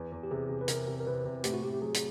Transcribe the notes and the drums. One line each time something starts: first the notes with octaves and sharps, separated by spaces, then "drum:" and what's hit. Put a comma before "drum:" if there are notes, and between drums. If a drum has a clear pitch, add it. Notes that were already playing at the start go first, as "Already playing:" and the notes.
Already playing: E2
E2
G4
C3 G#4
C3
B4
C3 A#4, drum: hi-hat
C3
A#4
C3 B4
C3
A2 G4, drum: hi-hat
F#4
A2 G4
G4
F#3 G#4
drum: hi-hat